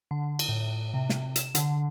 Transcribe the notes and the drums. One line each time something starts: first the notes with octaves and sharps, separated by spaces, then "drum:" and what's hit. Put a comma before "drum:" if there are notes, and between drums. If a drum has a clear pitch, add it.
D3
drum: cymbal
A2
C3
drum: snare
E7, drum: hi-hat
D3, drum: hi-hat